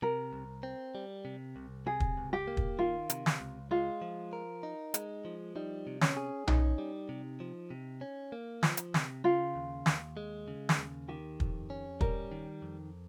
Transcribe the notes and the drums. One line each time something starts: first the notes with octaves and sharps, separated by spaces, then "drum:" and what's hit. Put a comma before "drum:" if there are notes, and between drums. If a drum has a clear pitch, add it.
C3 A#4
C2
C4
G3
C3
C2
C3 G#4
drum: kick
C#2
G4
A#3
drum: kick
D#3 F4
C3, drum: hi-hat
drum: snare
C#2
G#3 F4
F3
A#4
D#4
G#3, drum: hi-hat
F3
G3 D#4
C3
C#4, drum: snare
G#4
C#4 D#4, drum: tom B1
G3
C3
F3
C3
C#4
A#3
F3, drum: snare
drum: hi-hat
C3, drum: snare
C#3 F4
D#2
D#2, drum: snare
G#3
C#3
drum: snare
D#2
D#3 G4
F2, drum: kick
C#4
G3 A#4, drum: kick
D#3
F2